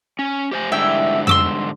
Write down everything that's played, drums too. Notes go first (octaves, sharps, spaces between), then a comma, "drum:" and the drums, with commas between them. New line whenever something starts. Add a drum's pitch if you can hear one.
C#4
G4 C5 G#5
G#2 D3 G3 E4 E5 G5
C6 D6 E6, drum: tom F2